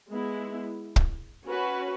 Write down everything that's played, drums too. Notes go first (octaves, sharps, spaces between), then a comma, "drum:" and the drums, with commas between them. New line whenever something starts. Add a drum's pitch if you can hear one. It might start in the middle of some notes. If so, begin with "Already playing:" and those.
G#3 B3 E4
drum: kick
C#4 F#4 B4